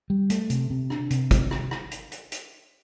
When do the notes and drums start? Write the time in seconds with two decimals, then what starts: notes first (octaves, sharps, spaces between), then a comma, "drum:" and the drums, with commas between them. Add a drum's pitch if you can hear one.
0.10 G3
0.30 A3, drum: hi-hat
0.50 C3, drum: hi-hat
0.70 C3
0.90 D4, drum: rim click
1.11 C3, drum: hi-hat
1.31 drum: kick, hi-hat
1.51 drum: rim click
1.71 drum: rim click
1.91 drum: hi-hat
2.12 drum: hi-hat
2.32 drum: hi-hat